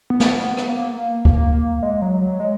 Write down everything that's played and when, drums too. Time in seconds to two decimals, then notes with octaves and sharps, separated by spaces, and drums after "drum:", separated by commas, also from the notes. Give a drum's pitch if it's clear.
0.10 B3
0.20 drum: snare
0.57 drum: rim click
0.68 A#3
1.25 A#3, drum: kick D2
1.54 A#3
1.83 G#3
2.02 F#3
2.21 F#3
2.40 G#3